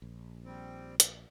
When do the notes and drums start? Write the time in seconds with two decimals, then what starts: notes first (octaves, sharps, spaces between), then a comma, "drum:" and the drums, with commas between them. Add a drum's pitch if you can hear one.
0.02 A#1
0.45 G3 C4
1.00 drum: hi-hat